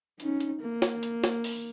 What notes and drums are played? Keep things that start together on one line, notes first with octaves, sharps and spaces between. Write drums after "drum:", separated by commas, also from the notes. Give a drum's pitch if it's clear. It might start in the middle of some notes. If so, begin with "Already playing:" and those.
C#4 D#4, drum: hi-hat
drum: hi-hat
A#3
drum: snare
drum: hi-hat
drum: snare
drum: open hi-hat